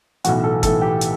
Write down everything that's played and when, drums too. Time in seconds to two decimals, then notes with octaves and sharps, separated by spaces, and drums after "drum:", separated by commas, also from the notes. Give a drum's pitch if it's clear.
0.24 B1 A2 E3 F#4, drum: hi-hat
0.44 A4
0.63 B1 A2 E3 A4, drum: kick, hi-hat
0.82 G4
1.01 drum: hi-hat